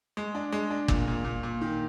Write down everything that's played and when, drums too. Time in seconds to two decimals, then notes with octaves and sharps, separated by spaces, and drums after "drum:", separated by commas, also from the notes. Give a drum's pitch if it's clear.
0.17 G#3
0.35 D4
0.52 G#3
0.70 D4
0.88 A#2, drum: kick
1.08 A#2
1.25 A#2
1.43 A#2
1.61 D#3